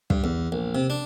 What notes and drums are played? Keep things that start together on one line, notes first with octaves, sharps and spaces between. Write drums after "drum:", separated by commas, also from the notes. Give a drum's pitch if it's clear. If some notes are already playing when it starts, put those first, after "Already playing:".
G2, drum: kick
E2
A#1
C3
D4